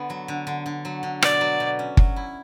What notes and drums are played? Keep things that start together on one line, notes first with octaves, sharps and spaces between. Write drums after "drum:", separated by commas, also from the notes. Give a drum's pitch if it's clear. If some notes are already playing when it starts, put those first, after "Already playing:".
Already playing: D3 B3
F#3
D3
D3
D3
F#3
D3
B2 D5, drum: rim click
F#3
B2
C#4
F#3, drum: kick
E4